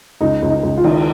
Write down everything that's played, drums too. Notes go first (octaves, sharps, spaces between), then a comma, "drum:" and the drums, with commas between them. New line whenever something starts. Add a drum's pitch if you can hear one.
C#2 D#4
C#2
D#4
C#2
F4
D#3, drum: cymbal